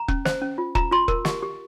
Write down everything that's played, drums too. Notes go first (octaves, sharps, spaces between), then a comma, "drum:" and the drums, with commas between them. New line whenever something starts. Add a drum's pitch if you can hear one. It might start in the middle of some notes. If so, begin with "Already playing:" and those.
Already playing: A#5
C#4, drum: kick E1
C5, drum: snare
C#4
F4
F4 A#5, drum: kick E1
F4 C6
A#4, drum: kick E1
G4, drum: snare
G4